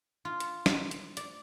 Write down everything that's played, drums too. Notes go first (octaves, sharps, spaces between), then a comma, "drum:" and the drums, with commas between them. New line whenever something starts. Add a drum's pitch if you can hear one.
F4
drum: hi-hat
drum: snare
drum: hi-hat
D5, drum: hi-hat